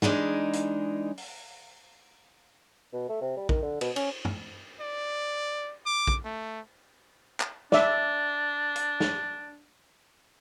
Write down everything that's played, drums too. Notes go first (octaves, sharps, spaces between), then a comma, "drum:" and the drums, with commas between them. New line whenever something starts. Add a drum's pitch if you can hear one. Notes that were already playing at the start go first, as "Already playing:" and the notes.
E3 G#3 D4 D#4, drum: snare
drum: hi-hat
drum: open hi-hat
B2
A3
C3
G3
D#3, drum: kick A#1
D3
B2, drum: cymbal
C#4, drum: cymbal
drum: tom
D5
D6
drum: kick A#1
A3
drum: clap
D4 D5 E5, drum: snare
drum: hi-hat
drum: snare